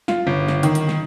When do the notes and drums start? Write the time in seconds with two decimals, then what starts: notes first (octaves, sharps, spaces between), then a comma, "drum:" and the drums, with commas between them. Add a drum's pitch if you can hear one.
0.08 F4, drum: snare
0.27 G1
0.48 drum: snare
0.63 D#3, drum: hi-hat
0.75 drum: hi-hat
0.89 drum: snare